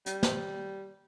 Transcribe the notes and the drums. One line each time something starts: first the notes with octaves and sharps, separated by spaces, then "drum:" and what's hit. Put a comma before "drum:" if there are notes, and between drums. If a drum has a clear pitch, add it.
G3, drum: hi-hat
drum: snare